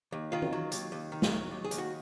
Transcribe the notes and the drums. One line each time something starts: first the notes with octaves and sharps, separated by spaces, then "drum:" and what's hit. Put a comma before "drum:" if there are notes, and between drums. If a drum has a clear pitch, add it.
D#2
D#3 F4
drum: tom
F#3
D#2, drum: hi-hat
D#2
D#3
drum: snare A3
F#3
D#2
G#4
D#2, drum: hi-hat
F#4